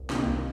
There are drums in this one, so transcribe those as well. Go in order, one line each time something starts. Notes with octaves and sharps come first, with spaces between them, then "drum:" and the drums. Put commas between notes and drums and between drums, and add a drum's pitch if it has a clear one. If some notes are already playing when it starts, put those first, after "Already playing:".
Already playing: C2
C3 D#3 A#3, drum: snare
C2